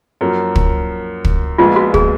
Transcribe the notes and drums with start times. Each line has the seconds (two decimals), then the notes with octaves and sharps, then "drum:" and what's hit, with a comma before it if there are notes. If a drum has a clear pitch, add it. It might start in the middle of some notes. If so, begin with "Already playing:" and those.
0.21 F#2 F3 A#3
0.56 drum: kick
1.25 drum: kick
1.58 A#1 A#2 F3 G#3 B3 F4
1.76 F#4
1.94 G#4, drum: kick